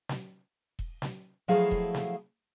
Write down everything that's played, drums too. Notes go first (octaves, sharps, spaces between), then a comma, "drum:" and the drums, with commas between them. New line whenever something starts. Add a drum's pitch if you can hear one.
drum: snare
drum: kick E1
drum: snare
F3 F#3 A3 E4 G#4 F5
drum: kick E1
drum: snare